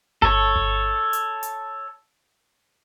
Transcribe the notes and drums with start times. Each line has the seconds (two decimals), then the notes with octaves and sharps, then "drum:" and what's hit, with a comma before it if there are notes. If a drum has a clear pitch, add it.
0.22 A4 C#5, drum: kick G1
0.56 drum: kick G1
1.13 drum: hi-hat
1.43 drum: hi-hat